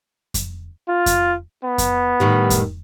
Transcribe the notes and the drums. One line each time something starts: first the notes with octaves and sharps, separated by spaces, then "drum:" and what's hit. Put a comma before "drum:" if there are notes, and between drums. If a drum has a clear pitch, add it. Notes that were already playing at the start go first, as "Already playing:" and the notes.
drum: kick F2, hi-hat
F4
drum: kick F2, hi-hat
B3
drum: kick F2, hi-hat
A2 D#3 G3
drum: kick F2, hi-hat